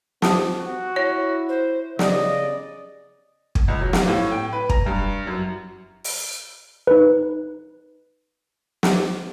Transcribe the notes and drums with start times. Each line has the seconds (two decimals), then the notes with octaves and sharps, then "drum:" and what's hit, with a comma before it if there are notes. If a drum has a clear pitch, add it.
0.22 C4 F4 A5, drum: snare
0.57 F#4
0.96 E4 C#5
1.49 C5
1.99 C#3 D5 D#5, drum: snare
3.55 drum: kick
3.68 C#2
3.81 F#3
3.93 F5, drum: snare
4.08 A2
4.31 G5
4.53 B4
4.69 A#5, drum: kick
4.86 G2
5.27 F#2
6.04 drum: open hi-hat
6.87 D#4 B4
8.83 drum: snare